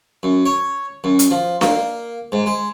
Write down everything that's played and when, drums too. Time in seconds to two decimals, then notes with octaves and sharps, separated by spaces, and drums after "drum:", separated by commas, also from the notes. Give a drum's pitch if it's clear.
0.23 F#2
0.46 C#5
1.04 F#2
1.19 drum: hi-hat
1.31 F3
1.61 A#3, drum: snare D4
2.32 G#2
2.46 G#3